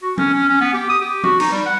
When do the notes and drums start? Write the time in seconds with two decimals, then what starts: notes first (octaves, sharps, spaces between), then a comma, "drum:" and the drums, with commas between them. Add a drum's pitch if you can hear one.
0.03 F#4
0.18 C#4, drum: tom F3
0.34 C#4
0.49 C#4
0.61 B3
0.74 G4
0.89 D#6
1.01 G4
1.23 F#4, drum: tom F3
1.40 D#4, drum: cymbal
1.52 G3
1.66 F#5